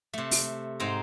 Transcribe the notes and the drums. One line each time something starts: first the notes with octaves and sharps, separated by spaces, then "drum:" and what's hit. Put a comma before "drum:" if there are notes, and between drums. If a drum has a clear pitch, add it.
C3 A3
drum: open hi-hat
G#2 C4 D#4 A#5